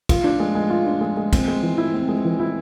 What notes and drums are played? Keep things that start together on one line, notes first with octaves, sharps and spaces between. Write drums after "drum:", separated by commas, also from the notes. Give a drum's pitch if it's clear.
F4, drum: kick, cymbal
D4
G#3
G#3
F4
D4
G#3
G#3
C4, drum: kick, cymbal
G#3
E3
E4
C4
G#3
E3
E4